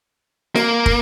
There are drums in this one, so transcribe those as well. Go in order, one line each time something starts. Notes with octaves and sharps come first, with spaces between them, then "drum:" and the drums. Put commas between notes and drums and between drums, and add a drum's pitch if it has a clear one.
A#3, drum: snare
drum: kick